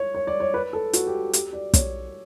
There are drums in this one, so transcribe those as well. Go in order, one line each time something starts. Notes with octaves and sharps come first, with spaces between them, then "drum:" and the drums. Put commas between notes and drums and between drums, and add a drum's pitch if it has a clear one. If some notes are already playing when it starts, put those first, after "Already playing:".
Already playing: C#5
C#5
D5
C#5
B4
A4
F#4, drum: hi-hat
G4
G4, drum: hi-hat
D5
C#5, drum: kick, hi-hat